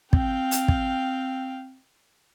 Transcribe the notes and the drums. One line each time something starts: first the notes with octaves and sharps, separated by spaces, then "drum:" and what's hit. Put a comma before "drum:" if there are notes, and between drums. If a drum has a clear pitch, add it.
C4 F5 G5, drum: kick
drum: hi-hat
drum: kick